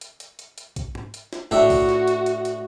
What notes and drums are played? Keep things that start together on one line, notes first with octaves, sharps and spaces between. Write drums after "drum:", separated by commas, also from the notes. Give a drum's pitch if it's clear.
drum: hi-hat
drum: hi-hat
drum: hi-hat
drum: hi-hat
drum: kick B1, hi-hat
drum: tom G#2
drum: hi-hat
drum: snare
A2 D4 F#4 E5, drum: tom G#2
drum: kick B1, open hi-hat
drum: snare
drum: hi-hat
drum: hi-hat
drum: hi-hat